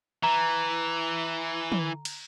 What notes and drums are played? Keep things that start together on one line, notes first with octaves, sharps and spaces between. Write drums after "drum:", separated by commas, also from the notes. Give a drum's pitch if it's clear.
E3 A#5
drum: tom
drum: cymbal